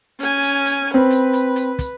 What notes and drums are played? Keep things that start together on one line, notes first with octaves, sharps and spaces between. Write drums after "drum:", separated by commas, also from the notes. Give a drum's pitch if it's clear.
C#4 G#5, drum: hi-hat
drum: hi-hat
drum: hi-hat
C4 B4
drum: hi-hat
drum: hi-hat
drum: hi-hat
drum: kick, hi-hat